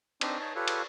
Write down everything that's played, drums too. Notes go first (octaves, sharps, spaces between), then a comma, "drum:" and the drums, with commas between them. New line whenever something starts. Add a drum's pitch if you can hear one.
C4 D4 D#4, drum: cymbal
D#4 C#5 A5
F4 G4 A4 B4 C#5
drum: cymbal